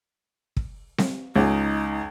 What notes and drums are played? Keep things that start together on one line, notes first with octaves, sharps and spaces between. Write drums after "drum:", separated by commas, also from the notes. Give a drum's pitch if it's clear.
drum: kick
drum: snare C4
C#2 D#4